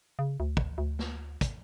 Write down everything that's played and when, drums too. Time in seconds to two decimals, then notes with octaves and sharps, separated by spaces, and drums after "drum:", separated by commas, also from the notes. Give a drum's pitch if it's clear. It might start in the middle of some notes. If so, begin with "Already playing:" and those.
0.19 C#3
0.40 D2
0.57 drum: kick
0.78 D2
0.99 drum: snare
1.41 drum: kick, hi-hat